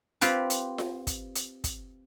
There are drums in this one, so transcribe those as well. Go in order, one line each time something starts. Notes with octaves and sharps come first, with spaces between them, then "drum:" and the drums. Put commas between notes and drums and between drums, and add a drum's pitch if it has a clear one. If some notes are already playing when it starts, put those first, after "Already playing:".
C4 F4 G4 B4, drum: hi-hat
drum: hi-hat
drum: snare F4
drum: kick, hi-hat
drum: hi-hat
drum: kick, hi-hat